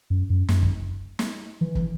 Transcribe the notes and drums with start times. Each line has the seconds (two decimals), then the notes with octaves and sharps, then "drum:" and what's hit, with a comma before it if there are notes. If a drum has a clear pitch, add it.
0.10 F#2
0.30 F#2
0.48 F#2, drum: snare
0.63 drum: kick
1.19 drum: snare
1.61 E3
1.75 drum: kick